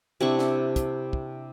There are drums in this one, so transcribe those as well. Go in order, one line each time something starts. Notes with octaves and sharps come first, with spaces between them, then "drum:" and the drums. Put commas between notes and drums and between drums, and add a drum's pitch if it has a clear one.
C3 D4 E4 C#6
drum: snare
drum: kick, hi-hat
drum: kick